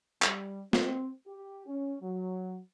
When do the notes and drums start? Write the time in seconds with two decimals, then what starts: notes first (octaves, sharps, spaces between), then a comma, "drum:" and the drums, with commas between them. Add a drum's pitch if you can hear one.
0.22 G3, drum: clap
0.73 C4, drum: snare
1.27 G4
1.67 C#4
2.02 F#3